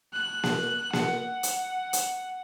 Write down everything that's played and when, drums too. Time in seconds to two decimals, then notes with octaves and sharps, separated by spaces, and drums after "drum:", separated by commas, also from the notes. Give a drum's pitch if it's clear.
0.14 F#6
0.43 drum: snare A#3
0.93 F#5, drum: snare A#3
1.43 drum: hi-hat
1.93 drum: hi-hat